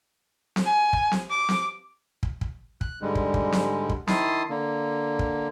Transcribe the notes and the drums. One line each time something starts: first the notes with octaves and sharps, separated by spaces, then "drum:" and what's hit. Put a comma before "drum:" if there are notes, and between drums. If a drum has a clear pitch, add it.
drum: snare C4
G#5
drum: kick
drum: snare C4
D6
drum: snare C4
drum: kick
drum: kick
F#6, drum: kick
G#2 D3 G3 G#3
drum: kick
drum: kick
drum: snare C4
drum: kick
D#3 E4 A5 C6 D#6, drum: snare C4
D3 A#3
drum: kick